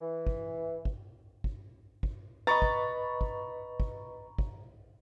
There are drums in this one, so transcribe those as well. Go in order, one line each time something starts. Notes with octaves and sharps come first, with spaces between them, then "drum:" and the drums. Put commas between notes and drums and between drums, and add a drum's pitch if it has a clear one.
E3
drum: kick
drum: kick
drum: kick
drum: kick
B4 D#5 A#5 B5 C#6 A6
drum: kick
drum: kick
drum: kick
drum: kick